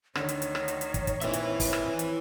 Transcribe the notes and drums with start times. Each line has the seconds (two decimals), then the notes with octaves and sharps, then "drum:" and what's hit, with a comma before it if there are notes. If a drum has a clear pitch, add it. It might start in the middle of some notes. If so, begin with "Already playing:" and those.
0.15 D2 D3 D#3 C#5, drum: rim click
0.29 drum: hi-hat
0.42 drum: hi-hat
0.55 drum: rim click
0.68 drum: hi-hat
0.81 drum: hi-hat
0.94 drum: kick, hi-hat
1.07 drum: kick, hi-hat
1.21 A#1 A#2 C4 D#4 E4 B4 E5, drum: hi-hat
1.33 drum: hi-hat
1.60 drum: kick, open hi-hat
1.73 drum: rim click
1.99 drum: hi-hat